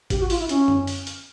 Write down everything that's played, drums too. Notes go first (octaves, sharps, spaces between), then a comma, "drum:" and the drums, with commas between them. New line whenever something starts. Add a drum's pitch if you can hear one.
G4, drum: kick G#1, hi-hat
F#4
F4, drum: open hi-hat
E4
C#4, drum: hi-hat
drum: tom F#2
drum: open hi-hat
drum: hi-hat